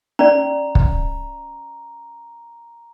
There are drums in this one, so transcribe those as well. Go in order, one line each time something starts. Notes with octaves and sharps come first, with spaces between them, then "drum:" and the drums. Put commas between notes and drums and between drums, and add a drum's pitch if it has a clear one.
C#4 D5 A#5
drum: kick